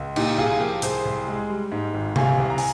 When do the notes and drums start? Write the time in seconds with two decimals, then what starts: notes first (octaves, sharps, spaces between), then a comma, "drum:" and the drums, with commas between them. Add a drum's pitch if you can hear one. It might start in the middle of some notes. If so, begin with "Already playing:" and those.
Already playing: C#2
0.16 A#2 D#4 G4, drum: cymbal
0.38 C2 F4 G#4
0.60 F3 G4 A#4
0.82 C2 G#4 C5, drum: hi-hat
1.05 C2
1.28 G#3
1.50 G3
1.72 G#2
1.94 G#1
2.16 C3 F5 G#5, drum: tom C3
2.38 C2
2.50 A#5
2.58 G#5, drum: open hi-hat